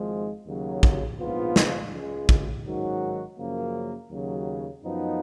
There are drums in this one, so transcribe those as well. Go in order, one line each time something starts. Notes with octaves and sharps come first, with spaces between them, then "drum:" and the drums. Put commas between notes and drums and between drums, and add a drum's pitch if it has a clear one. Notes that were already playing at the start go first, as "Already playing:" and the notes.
Already playing: G#1 G#2 F3 G#3
D#2 C#3 F#3
drum: kick A1
A#1 G#2 F3 B3 F4
drum: snare
C#2 C#3 G#3
drum: kick A1
G#2 D#3 F#3 C#4 F#4
F#2 C#3 F3 A#3
D#2 C#3 F#3
F#2 F3 B3 D#4